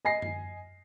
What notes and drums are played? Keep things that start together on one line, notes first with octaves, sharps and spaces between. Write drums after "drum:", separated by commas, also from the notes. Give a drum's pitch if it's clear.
D#5 G#5 A#6 C7
drum: tom F#2